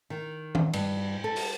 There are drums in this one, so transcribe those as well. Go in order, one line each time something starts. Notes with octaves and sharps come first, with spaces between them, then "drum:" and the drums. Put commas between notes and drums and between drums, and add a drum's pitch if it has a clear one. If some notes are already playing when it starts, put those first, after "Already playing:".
D#3
drum: tom D#3
G2, drum: cymbal
A4
drum: open hi-hat